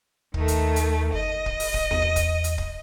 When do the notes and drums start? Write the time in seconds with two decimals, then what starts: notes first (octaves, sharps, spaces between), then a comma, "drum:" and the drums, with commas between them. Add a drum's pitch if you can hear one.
0.34 D#2 D#3 A3, drum: kick
0.48 drum: hi-hat
0.76 drum: hi-hat
1.13 F#1 D#5
1.46 drum: kick
1.60 drum: open hi-hat
1.74 drum: kick
1.91 E2, drum: snare B3
2.02 drum: kick
2.16 drum: kick, hi-hat
2.44 drum: hi-hat
2.58 drum: kick